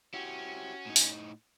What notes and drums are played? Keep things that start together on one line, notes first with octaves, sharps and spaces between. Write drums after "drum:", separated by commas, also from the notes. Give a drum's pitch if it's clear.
C#4 E4 F#4 G4
A2 D#4
drum: open hi-hat